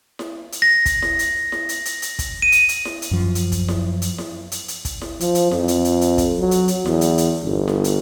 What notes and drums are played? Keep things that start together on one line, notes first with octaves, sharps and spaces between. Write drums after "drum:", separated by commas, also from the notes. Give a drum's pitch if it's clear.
drum: snare E4
drum: hi-hat
A#6
drum: kick, hi-hat
drum: snare E4
drum: hi-hat
drum: snare E4
drum: hi-hat
drum: hi-hat
drum: hi-hat
drum: kick, hi-hat
D#7
drum: hi-hat
drum: hi-hat
drum: snare E4
drum: hi-hat
F#2 F3
drum: hi-hat
drum: kick, hi-hat
drum: snare E4
drum: hi-hat
drum: snare E4
drum: hi-hat
drum: hi-hat
drum: kick, hi-hat
drum: snare E4
F3, drum: hi-hat
drum: hi-hat
F2, drum: snare E4
drum: hi-hat
drum: hi-hat
drum: hi-hat
drum: kick, hi-hat
F#3
drum: hi-hat
drum: hi-hat
E2, drum: snare E4
drum: hi-hat
drum: hi-hat
G1
drum: snare E4
drum: hi-hat